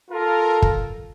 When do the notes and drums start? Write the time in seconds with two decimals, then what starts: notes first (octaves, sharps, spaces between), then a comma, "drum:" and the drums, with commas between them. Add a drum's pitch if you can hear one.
0.11 F4 A4 A#4
0.62 drum: kick